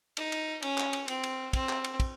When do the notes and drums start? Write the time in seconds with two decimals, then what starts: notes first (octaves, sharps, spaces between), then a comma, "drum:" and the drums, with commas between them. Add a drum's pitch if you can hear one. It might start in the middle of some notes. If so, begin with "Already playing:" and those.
0.17 D#4, drum: cymbal
0.32 drum: cymbal
0.62 C#4, drum: cymbal
0.78 drum: clap
0.93 drum: cymbal
1.08 C4, drum: cymbal
1.23 drum: cymbal
1.53 C4, drum: kick, cymbal
1.69 drum: clap
1.84 drum: cymbal
2.00 drum: kick, cymbal